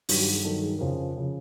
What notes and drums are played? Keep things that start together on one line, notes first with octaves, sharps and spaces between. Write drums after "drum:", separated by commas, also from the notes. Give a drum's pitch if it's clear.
G2 D#3 F#3 G4, drum: open hi-hat
G4
G#4
G2 D#3 F#3 A4
G#4
F2 C#3 F3 A#4
C#3 F3